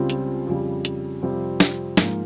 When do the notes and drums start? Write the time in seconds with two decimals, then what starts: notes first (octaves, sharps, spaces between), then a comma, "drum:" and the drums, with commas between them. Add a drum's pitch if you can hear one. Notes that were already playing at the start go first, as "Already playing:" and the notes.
Already playing: C#2 C#3 G3 C4 F4
0.10 drum: hi-hat
0.47 F2 C#3 G3
0.85 drum: hi-hat
1.22 F2 C3 G3 C4 F4
1.60 drum: snare
1.97 G#2 F3 A#3, drum: snare